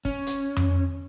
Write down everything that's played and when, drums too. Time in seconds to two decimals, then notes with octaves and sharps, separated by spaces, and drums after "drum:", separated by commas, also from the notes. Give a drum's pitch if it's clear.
0.05 C#4, drum: kick
0.27 drum: hi-hat
0.57 drum: tom F2